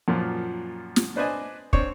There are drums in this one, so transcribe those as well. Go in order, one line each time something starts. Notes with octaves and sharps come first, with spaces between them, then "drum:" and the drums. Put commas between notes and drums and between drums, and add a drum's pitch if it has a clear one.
F#2 A#2 F3
drum: snare
D4 B4 C5 D5 D#5 G#5
C4 D4 C5 C#5, drum: kick